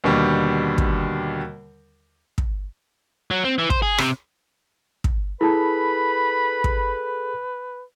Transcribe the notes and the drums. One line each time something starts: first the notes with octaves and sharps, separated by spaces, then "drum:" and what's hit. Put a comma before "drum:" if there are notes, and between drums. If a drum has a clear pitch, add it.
D#2 B2 D3 G3
drum: kick
drum: kick
F#3
C4
E3
C5, drum: kick
G#4
C3, drum: rim click
drum: kick
E4 G#4 A4 B4 A5 B5
drum: kick